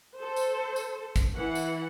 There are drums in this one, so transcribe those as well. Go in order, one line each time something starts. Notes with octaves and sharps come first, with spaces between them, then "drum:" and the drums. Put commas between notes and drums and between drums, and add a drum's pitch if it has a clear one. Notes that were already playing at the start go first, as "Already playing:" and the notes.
A4 C5
drum: tambourine
drum: tambourine
drum: kick, tambourine
E3 F#5
drum: tambourine